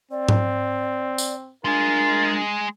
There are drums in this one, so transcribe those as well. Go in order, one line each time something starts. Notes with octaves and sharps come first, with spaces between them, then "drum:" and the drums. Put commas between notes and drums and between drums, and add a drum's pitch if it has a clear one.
C4 D5
drum: tom G#2
drum: tambourine
G#3 D4 F4 G#4 A#4